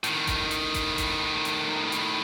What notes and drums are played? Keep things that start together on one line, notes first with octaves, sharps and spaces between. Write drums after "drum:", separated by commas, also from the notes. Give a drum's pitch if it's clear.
A2 D#3, drum: hi-hat
drum: kick G#1, hi-hat
drum: hi-hat
drum: kick G#1, hi-hat
drum: kick G#1, hi-hat
drum: hi-hat
drum: hi-hat